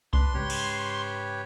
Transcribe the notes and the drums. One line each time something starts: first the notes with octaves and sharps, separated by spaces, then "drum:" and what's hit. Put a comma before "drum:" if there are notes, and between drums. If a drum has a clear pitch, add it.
D4 B4 C6, drum: kick C2
G#2 C#3 G4 B4 C#5
drum: cymbal